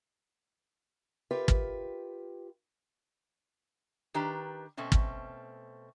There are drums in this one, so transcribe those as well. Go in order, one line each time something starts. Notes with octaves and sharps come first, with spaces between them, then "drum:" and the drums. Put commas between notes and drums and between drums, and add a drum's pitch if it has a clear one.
F4 G4 A#4 B4 E5 G5
drum: kick
D#3 D4 G4 B4 A#5
B2 A3 C4 C#4
drum: kick